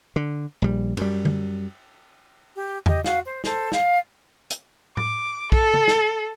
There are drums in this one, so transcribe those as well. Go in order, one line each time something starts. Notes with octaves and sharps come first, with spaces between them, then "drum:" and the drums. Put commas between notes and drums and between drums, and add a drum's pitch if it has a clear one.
D3
A#1 G3
F#2 G3, drum: cymbal
drum: tom D3
G4
G4 D#5, drum: tom E2
F#4 F5, drum: snare
C5
A4 C5, drum: snare
F5, drum: snare
drum: hi-hat
D6, drum: tom
A4, drum: kick
drum: tom
drum: snare